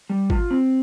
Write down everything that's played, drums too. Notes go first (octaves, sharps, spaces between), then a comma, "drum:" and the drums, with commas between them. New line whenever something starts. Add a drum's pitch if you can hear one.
G3
F4, drum: kick G#1
C4